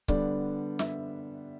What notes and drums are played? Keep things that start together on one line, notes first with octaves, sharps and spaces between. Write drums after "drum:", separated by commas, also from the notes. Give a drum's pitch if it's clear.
D3 G3 B3 D4 D5, drum: kick C#1
E5, drum: snare